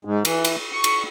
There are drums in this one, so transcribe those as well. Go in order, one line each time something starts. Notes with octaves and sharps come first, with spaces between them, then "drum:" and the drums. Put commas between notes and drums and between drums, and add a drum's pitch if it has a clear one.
G#2
E3, drum: cymbal
drum: cymbal
C#6
drum: cymbal